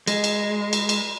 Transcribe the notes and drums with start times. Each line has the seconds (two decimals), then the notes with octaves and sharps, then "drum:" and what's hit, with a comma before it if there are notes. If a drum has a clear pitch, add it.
0.07 G#3, drum: cymbal
0.24 drum: cymbal
0.73 drum: cymbal
0.89 drum: cymbal